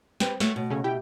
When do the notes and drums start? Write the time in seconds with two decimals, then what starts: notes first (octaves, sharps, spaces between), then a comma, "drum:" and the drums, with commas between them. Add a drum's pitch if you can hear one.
0.20 C4 G4 B4, drum: snare
0.40 A3 F#4 C#5, drum: snare
0.56 B2
0.70 C#3 A3 C#4
0.84 E4 G4 G5